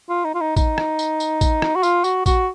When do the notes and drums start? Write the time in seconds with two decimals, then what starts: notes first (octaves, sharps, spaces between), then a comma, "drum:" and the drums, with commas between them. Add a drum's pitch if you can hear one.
0.09 F4
0.25 D#4
0.35 F4
0.41 D#4
0.56 D#4, drum: kick A1, tambourine
0.78 drum: rim click
0.99 drum: tambourine
1.20 drum: tambourine
1.41 drum: kick A1, tambourine
1.62 drum: rim click
1.76 F#4
1.83 F4, drum: tambourine
2.04 F#4, drum: tambourine
2.26 F#4, drum: kick A1, tambourine